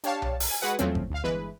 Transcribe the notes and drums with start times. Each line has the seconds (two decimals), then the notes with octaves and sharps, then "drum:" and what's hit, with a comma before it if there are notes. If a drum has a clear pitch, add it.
0.04 D4 G4 C#5 F5 A5, drum: hi-hat
0.22 drum: tom B1
0.40 drum: open hi-hat
0.50 G#5
0.62 G#3 F#4 G#4 B4 F#5
0.79 E2 F3 F#3 A3 C4 C#4, drum: hi-hat
0.95 drum: kick G#1
1.10 D2 F5
1.24 G1 E3 G#3 B4